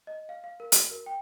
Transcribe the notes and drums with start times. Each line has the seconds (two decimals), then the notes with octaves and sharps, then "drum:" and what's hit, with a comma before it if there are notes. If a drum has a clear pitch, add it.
0.07 D#5
0.29 F5
0.44 F5
0.60 A#4
0.72 F#4, drum: hi-hat
0.91 A#4
1.06 G5